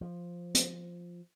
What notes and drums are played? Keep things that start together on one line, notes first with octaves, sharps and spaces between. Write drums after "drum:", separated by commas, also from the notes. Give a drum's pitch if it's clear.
F3
drum: hi-hat